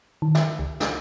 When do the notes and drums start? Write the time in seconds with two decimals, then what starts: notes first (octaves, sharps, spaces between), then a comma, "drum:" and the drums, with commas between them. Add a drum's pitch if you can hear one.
0.22 D#3
0.35 E5, drum: snare
0.59 C#2
0.80 drum: snare